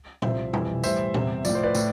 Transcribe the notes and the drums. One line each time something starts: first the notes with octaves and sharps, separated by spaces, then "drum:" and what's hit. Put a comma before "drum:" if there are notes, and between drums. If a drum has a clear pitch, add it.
C2 C3 F3 C5 E5, drum: tom A#2
F2 E3 G3, drum: tom B2
A2 E3 G3 C5 E5, drum: tambourine
E2 C3 G3, drum: tom A#2
A2 F3 D5, drum: tambourine
C5
B4 D5
A2, drum: tambourine